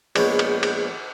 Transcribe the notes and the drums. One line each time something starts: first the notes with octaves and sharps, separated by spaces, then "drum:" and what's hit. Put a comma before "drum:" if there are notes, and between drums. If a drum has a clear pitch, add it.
A#1 G#3 B3 C#5, drum: cymbal
drum: cymbal
drum: cymbal